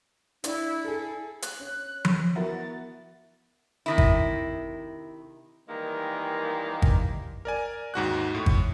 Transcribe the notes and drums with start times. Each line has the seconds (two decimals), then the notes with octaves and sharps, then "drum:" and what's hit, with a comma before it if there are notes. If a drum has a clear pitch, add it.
0.44 D4 E4, drum: hi-hat
0.85 G#4 A4
1.42 F#6, drum: hi-hat
1.60 C#4
2.05 drum: tom F3
2.36 B3 E4 F#4 A#4 A6
3.86 C3 D#3 E4
3.98 drum: kick G#1
5.68 D#3 E3 G3 G#3 A#3
6.82 drum: kick G#1
7.45 A#4 D5 G#5
7.94 D#2 G#2 F#4 F#6
8.35 A2
8.46 drum: kick G#1